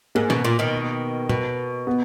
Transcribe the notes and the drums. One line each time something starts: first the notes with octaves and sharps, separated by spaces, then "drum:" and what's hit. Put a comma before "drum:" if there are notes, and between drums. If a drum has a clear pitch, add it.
G#2 A#3
B2, drum: snare
A#2
B2 D#3
B2, drum: tom A#2
B3